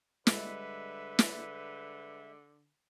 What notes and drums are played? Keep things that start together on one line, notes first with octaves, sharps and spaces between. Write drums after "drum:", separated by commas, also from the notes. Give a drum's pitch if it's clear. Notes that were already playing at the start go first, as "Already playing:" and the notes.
D3 G3 G#3 B4 E5, drum: snare
drum: snare